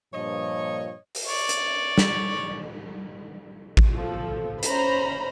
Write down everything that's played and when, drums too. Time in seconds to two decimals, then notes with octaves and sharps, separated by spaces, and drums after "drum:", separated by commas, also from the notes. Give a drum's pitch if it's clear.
0.13 G2 A#2 F3 C#5 D#5
1.15 drum: open hi-hat
1.27 C#5 D5
1.49 drum: hi-hat
1.98 drum: snare
3.77 drum: kick A1
3.96 F3 A4
4.63 C#4 C5 A#5 B5, drum: hi-hat